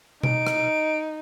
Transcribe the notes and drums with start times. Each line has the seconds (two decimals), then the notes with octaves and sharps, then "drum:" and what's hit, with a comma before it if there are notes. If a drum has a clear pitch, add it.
0.23 D#4 D7, drum: tom B2
0.47 drum: rim click